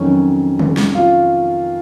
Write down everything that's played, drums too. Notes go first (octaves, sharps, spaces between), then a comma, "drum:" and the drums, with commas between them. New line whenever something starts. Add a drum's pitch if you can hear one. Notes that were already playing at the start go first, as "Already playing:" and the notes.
Already playing: F2 D#3 F#3 C#4
drum: tom
drum: snare
F4